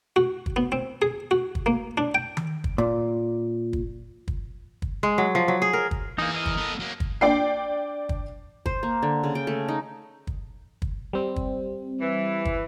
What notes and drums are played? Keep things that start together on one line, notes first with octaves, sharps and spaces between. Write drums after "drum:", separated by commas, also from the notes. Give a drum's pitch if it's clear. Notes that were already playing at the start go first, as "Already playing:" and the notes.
F#4
drum: kick
B3
C4
G#4
F#4
drum: kick
A#3
D4
G5
drum: tom D#3
drum: kick
A#2
drum: kick
drum: kick
drum: kick
G#3
F#3
F3
F#3
G#4
A#4
drum: kick
E3 A#3 D#4 G#4
A#4 D#5
drum: kick
B3 A4
F#3 A#3
drum: kick
D4 D5 G5 C7
drum: kick
C5, drum: kick
A#3
D3
C#3
G5
A3
D#4
drum: kick
drum: kick
G3 C4
drum: kick
E3
drum: kick